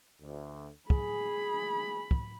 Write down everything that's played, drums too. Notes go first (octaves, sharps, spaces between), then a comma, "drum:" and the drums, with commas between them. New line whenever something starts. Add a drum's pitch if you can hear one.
D2
G#4 B5, drum: kick
drum: kick